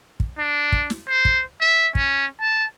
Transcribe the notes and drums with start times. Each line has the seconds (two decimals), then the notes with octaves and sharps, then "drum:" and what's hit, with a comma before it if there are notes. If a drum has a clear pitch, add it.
0.20 drum: kick
0.38 D4
0.72 drum: kick
0.90 drum: snare
1.08 C5
1.25 drum: kick
1.60 E5
1.95 C#4, drum: kick
2.41 A5